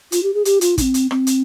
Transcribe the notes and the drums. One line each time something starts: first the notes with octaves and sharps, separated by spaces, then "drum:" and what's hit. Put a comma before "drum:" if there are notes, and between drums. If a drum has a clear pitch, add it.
F4, drum: hi-hat
G4
G#4
G4, drum: hi-hat
F4, drum: hi-hat
D#4, drum: kick, hi-hat
C4
drum: hi-hat
C4, drum: rim click
drum: hi-hat